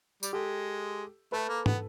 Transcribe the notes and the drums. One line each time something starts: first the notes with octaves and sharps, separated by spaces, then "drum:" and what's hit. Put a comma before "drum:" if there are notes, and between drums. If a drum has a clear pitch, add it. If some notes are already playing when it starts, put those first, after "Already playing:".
G3, drum: tambourine
G#3 G4 A4
A3 A4 B4
A#3
B3, drum: tom